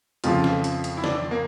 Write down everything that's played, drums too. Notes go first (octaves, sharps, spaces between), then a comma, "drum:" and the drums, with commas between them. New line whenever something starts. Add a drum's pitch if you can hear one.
F2 C#3 F3 A3 F4, drum: hi-hat
drum: snare
drum: hi-hat
drum: hi-hat
E4
D4, drum: snare
A#3